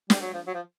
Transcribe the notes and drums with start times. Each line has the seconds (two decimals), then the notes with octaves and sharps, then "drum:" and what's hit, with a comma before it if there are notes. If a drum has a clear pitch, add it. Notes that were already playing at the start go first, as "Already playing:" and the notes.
0.10 G3, drum: snare
0.21 F#3
0.34 F3
0.47 F#3
0.54 F3